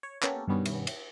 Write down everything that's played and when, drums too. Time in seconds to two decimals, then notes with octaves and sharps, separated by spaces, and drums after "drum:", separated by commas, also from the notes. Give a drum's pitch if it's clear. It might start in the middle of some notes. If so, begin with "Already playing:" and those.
0.03 C#5
0.23 A#3 B3 C#4 G4 A4 A#4, drum: clap
0.48 G2 B2 D#3 G3 B3 C#4
0.66 drum: cymbal
0.87 drum: cymbal